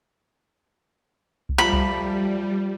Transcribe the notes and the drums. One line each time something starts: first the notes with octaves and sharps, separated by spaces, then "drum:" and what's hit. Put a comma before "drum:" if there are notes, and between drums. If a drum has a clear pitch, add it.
drum: kick C2
F3 G3 A3 A#5 B5
drum: kick C2